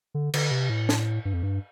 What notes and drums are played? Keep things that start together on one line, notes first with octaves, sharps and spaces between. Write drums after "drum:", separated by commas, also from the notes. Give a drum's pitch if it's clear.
D3
D3, drum: cymbal
C3
A2
drum: snare
G2
F2
G2